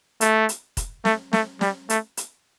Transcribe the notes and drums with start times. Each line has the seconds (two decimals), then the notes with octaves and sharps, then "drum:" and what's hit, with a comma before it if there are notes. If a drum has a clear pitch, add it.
0.21 A3, drum: hi-hat
0.49 drum: hi-hat
0.77 drum: kick F1, hi-hat
1.05 A3, drum: snare
1.33 A3, drum: snare
1.61 G3, drum: snare
1.90 A3, drum: hi-hat
2.17 drum: hi-hat